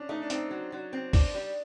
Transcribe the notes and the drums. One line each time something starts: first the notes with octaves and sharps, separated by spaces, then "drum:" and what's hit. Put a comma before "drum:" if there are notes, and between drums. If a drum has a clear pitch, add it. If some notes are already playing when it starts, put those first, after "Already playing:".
Already playing: C#4 D4
A3 D#4
D4
C4 D#4, drum: hi-hat
F#3
F#3
C4
D4, drum: kick G1, open hi-hat
G3